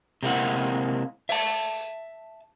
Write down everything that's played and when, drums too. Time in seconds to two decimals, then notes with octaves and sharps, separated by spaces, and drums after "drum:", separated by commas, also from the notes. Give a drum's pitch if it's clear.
0.23 C3 G#3 A#3 C4 E4 F#5
1.29 E5 A5, drum: open hi-hat